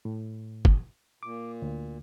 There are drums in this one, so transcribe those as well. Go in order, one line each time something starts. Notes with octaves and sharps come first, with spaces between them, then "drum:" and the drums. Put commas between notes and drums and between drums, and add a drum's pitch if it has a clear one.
A2
drum: kick
A#2 D6
D2